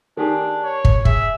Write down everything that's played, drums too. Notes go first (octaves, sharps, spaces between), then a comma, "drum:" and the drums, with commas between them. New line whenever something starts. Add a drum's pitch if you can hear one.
D#3 D4 G4 G#4
C#5
drum: kick
G#4 E5, drum: kick